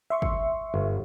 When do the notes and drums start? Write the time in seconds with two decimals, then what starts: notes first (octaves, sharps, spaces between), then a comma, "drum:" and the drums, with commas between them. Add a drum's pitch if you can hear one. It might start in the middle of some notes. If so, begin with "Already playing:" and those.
0.10 E5 C6 C#6
0.22 drum: kick
0.74 G1